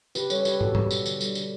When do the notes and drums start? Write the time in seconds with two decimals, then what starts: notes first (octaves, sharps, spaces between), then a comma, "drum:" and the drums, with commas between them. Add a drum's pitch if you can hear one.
0.15 C#3 G4 B4, drum: tambourine
0.30 G3 A4 C#5, drum: tambourine
0.40 C#5
0.45 C#3 G4 B4, drum: tambourine
0.61 B2 F#4 A4, drum: tom
0.75 G3, drum: tom
0.91 B2, drum: tambourine
1.06 D3, drum: tambourine
1.21 G3, drum: tambourine
1.35 D3, drum: tambourine